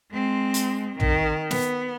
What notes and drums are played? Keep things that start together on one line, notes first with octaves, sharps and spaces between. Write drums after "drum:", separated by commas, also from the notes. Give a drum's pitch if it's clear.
G#3 C4
drum: hi-hat
D#3, drum: tom
B3, drum: snare